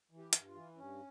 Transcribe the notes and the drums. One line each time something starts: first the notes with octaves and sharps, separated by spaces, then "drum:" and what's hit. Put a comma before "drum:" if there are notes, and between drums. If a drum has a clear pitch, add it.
E3
G4
G2, drum: hi-hat
F4
E3
G2 C#4